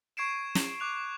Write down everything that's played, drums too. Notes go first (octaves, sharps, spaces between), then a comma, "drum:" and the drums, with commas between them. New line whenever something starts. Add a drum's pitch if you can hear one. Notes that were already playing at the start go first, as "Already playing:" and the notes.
C#6 G#6 C7 D7 E7
drum: snare
D6 F#6 F7